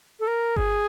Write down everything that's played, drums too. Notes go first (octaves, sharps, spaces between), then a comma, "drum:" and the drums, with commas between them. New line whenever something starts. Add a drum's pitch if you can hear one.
A4
A#4
G#4, drum: kick G1